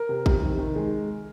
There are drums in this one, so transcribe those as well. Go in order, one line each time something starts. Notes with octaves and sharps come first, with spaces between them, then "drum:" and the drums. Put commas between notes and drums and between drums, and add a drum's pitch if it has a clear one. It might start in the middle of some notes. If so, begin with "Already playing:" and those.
Already playing: A#4
C3
C3, drum: kick
D#3
D#3
G#3